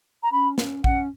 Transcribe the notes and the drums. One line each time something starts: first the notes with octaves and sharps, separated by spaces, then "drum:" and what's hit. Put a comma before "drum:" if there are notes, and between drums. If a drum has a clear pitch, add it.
A#5
C#4 B5
C#4, drum: snare
C#4 F#5, drum: kick A#1